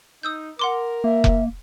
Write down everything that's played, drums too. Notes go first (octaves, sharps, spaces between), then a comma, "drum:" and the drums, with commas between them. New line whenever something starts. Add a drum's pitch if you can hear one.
D#4 D#6 E6 G6
A#4 F#5 C6 D6
A#3 E5
drum: kick F1